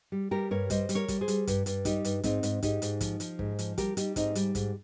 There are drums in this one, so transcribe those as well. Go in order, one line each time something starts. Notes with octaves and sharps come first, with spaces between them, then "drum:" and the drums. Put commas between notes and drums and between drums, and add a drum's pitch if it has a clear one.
G3
G3 G4 A#4
G2 A#4 C#5
G3 C5 D#5, drum: kick, hi-hat
G3, drum: hi-hat
A#4 C#5
G3, drum: kick, hi-hat
G#4 C5
G3, drum: hi-hat
G2, drum: kick, hi-hat
G2, drum: hi-hat
G3 D#4 G4, drum: kick, hi-hat
G2, drum: hi-hat
G#2 C4 D#4, drum: kick, hi-hat
G#2, drum: hi-hat
G#2 D#4 G4, drum: kick, hi-hat
G#2, drum: hi-hat
F3, drum: kick, hi-hat
F3, drum: hi-hat
G#2, drum: kick
F3, drum: hi-hat
G3 G4 A#4, drum: kick, hi-hat
G3 D#4 G4, drum: hi-hat
G#2 C4 D#4, drum: kick, hi-hat
G3, drum: hi-hat
G#2, drum: kick, hi-hat